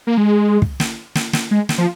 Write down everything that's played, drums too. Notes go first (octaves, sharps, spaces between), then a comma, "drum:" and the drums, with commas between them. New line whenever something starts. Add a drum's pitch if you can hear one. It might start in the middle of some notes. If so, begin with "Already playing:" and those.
A#3
G#3
drum: kick
drum: snare
drum: snare
drum: snare
G#3
drum: snare
F3